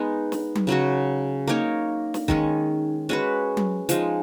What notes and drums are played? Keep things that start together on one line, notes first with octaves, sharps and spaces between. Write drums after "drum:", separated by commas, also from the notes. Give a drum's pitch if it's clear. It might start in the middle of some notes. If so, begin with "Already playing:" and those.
Already playing: G#3 B3 D#4
drum: snare
drum: tom F#3
C#3 F#3 C#4 F#4
A#3 D#4 A#4 C#5
drum: snare
D#3 G#3 C#4, drum: kick
G#3 C#4 F#4 B4
drum: tom F#3
F3 G#3 D#4, drum: hi-hat